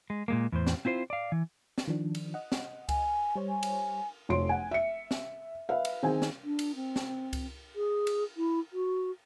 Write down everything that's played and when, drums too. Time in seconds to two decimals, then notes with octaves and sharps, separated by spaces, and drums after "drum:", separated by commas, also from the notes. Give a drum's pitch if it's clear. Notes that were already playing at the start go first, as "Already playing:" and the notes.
0.10 G#3
0.28 A#2 G#3 A#3
0.52 E2 A2 C5
0.67 drum: snare
0.85 C4 E4 F4 C5
1.10 D5 F5
1.32 E3
1.78 drum: snare
1.88 D#3 F3 D4
2.15 drum: cymbal
2.34 D#5 F#5
2.52 drum: snare
2.89 G#5, drum: kick C#2, cymbal
3.36 G3 C5 C#5
3.49 G#5
3.63 drum: cymbal
4.29 F1 F2 C#5 C6 D7
4.49 F#5 G#5
4.71 E5 C#7
5.11 drum: snare
5.69 B4 E5 F5
5.85 drum: cymbal
6.03 D#3 C4 G#4 G#5
6.22 drum: snare
6.44 D4
6.59 drum: cymbal
6.75 C4
6.96 drum: snare
7.33 drum: kick C#2, cymbal
7.75 G#4
8.07 drum: cymbal
8.37 E4
8.73 F#4